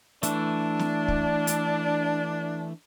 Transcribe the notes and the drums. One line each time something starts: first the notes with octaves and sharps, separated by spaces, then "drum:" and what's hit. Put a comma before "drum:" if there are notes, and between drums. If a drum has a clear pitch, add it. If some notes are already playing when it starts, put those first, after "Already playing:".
E3 A3 D4, drum: hi-hat
drum: snare
drum: kick
drum: hi-hat